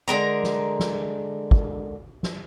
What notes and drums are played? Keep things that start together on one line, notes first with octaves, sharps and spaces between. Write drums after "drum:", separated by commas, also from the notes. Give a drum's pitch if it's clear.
D3 G#3 A#4 A#5
drum: snare
drum: snare
drum: kick
drum: snare